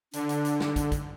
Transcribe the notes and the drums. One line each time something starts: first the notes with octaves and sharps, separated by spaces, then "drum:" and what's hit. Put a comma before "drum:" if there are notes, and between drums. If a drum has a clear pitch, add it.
D3 D4, drum: hi-hat
drum: hi-hat
drum: hi-hat
drum: snare
drum: kick, hi-hat
drum: kick, hi-hat